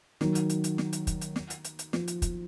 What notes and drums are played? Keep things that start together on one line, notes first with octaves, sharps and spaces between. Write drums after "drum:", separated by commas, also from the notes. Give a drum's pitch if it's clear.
D#3 F#3, drum: snare
drum: hi-hat
drum: hi-hat
drum: hi-hat
drum: snare
drum: hi-hat
drum: kick, hi-hat
drum: hi-hat
drum: snare
drum: hi-hat
drum: hi-hat
drum: hi-hat
F3, drum: snare
drum: hi-hat
drum: kick, hi-hat